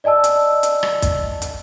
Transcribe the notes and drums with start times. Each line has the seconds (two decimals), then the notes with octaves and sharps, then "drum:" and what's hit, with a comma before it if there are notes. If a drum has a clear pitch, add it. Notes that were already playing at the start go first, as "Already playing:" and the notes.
0.04 D5 D#5 G#5 A5 E6
0.24 drum: hi-hat
0.63 drum: hi-hat
0.83 drum: rim click
1.02 drum: kick, hi-hat
1.42 drum: hi-hat